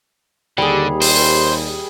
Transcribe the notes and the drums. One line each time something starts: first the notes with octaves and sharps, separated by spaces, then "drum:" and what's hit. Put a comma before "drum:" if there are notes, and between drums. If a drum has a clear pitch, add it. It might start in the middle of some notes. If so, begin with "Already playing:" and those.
D#2 D3 G3 G#4
C5, drum: open hi-hat